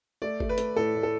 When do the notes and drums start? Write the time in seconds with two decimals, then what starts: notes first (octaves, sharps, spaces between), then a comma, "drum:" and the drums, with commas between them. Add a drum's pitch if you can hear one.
0.22 A3 D5
0.40 A3, drum: kick G1
0.49 B4
0.58 A3, drum: hi-hat
0.76 A2 A4
0.95 A2
1.03 A4